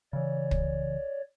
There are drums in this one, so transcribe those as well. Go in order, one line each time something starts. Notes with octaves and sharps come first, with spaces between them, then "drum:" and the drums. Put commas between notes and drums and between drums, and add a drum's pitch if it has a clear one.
C#3 E3 C#5 D5
drum: kick